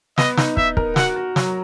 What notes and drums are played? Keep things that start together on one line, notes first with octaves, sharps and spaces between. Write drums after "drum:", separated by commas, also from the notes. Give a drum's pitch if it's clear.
B3 D#5, drum: snare
D#4, drum: snare
D#4 E5, drum: kick
A#4, drum: kick
F#4 F#5, drum: snare
F#4
F#3, drum: snare